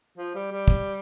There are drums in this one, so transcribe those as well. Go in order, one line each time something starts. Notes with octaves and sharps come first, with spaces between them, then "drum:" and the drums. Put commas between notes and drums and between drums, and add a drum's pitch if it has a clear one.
F3
G3
G3
drum: kick